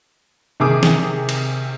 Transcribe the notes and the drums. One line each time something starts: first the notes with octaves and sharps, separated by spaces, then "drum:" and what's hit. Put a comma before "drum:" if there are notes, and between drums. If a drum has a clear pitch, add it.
C3 D#3 G#4 D6 D#6
drum: snare
drum: cymbal